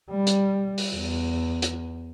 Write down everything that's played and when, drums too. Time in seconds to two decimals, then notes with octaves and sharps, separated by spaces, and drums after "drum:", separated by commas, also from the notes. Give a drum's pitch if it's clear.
0.10 G3
0.27 drum: hi-hat
0.78 drum: open hi-hat
0.96 E2
1.62 drum: hi-hat